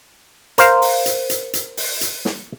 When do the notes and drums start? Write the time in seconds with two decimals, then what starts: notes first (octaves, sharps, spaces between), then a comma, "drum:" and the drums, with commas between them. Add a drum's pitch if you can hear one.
0.58 A#4 C5 F5, drum: hi-hat
0.82 drum: open hi-hat
1.06 drum: hi-hat
1.30 drum: hi-hat
1.53 drum: hi-hat
1.77 drum: open hi-hat
2.01 drum: hi-hat
2.25 drum: snare